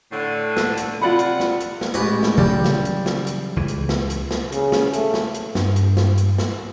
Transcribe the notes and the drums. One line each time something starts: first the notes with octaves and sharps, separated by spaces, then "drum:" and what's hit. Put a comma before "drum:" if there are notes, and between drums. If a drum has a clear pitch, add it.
A2 D3
drum: snare
drum: hi-hat
C3 F4 D5 F#5 B5
drum: hi-hat
drum: snare
drum: hi-hat
drum: snare
A1 G#3 B4
drum: snare
C#3 E3 F#3 G3
drum: snare
drum: hi-hat
drum: snare
drum: hi-hat
C#2 E3
drum: hi-hat
drum: snare
drum: hi-hat
drum: snare
C#3, drum: hi-hat
drum: snare
A3, drum: hi-hat
drum: snare
drum: hi-hat
G2, drum: snare
drum: hi-hat
drum: snare
drum: hi-hat
drum: snare